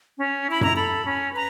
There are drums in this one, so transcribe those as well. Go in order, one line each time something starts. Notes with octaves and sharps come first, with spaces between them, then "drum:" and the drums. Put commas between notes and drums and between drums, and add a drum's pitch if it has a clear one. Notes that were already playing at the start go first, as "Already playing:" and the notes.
C#4
E4 B5
A#5, drum: tom F#2
A4 B5
C#4
B4 A#5